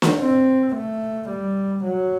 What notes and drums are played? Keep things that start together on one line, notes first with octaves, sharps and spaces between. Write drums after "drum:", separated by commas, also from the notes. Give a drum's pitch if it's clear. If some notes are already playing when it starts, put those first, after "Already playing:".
drum: snare
C4
A3
G3
F#3